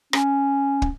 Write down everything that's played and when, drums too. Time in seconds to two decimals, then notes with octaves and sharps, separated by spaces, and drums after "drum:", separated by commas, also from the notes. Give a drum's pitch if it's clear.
0.13 C#4, drum: rim click
0.82 drum: kick